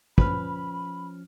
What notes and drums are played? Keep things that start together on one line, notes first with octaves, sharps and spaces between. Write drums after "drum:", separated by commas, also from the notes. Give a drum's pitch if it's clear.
F3 C#4 B4 B5 F6, drum: kick